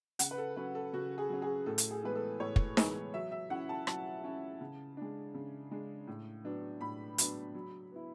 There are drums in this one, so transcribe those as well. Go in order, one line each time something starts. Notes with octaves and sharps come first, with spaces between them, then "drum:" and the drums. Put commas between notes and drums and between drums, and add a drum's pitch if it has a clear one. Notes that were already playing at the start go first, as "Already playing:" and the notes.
C#3 F#5, drum: hi-hat
B4
A4
F#3 C#4 B4
A4
C#3 F#4
G#4
F#3 C#4
G#4
A2 A4
drum: hi-hat
G#4
E3 G#3 B3 B4
A4
A2 C#5
drum: kick
E3 G#3 B3, drum: snare D#4
F#3 E5
E5
C#4 E4 F#5
A5
F#3 A5, drum: rim click
C#4 E4
C#3
G#3 D4
C#3
G#3 D4
A2
F#3 B3 D4
A2 B5
F#3 B3 D4, drum: hi-hat
F#3
B3 E4